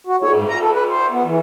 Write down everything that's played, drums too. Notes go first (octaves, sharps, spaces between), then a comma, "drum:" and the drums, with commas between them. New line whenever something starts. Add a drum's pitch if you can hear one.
F#4
C#5, drum: cymbal
G#2
A#5
A4
B4
C5
B3
E3